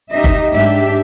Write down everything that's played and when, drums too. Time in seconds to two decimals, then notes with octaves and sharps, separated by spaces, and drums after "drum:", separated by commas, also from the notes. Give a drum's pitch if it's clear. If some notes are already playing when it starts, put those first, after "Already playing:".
0.12 D#4 G4 D#5 E5
0.24 drum: kick G1
0.54 G#2 D4 G4 E5